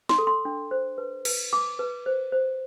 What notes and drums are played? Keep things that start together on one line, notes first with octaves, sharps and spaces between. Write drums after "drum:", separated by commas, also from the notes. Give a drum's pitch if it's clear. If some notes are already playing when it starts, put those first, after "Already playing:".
C6, drum: snare
A4
C6
D4
C5
B4
B4, drum: cymbal
B4 D6
B4
C5
C5